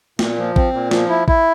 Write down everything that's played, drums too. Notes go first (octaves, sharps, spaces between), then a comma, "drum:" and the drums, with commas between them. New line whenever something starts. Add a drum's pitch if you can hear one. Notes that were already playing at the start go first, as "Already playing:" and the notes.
A#2, drum: snare
F3
C4, drum: kick A1
A#2
F3, drum: snare
E4
E4, drum: kick A1